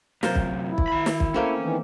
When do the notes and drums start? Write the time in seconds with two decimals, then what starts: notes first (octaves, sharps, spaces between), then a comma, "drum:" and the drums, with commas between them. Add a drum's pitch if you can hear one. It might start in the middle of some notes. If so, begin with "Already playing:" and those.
0.23 F#2 C3 F4 A#4 C5, drum: snare
0.35 drum: kick
0.69 E4
0.78 drum: kick
0.88 D#3 B5
1.06 drum: snare
1.20 drum: kick
1.34 A3 A#3 C4 C#4
1.59 D#3 E3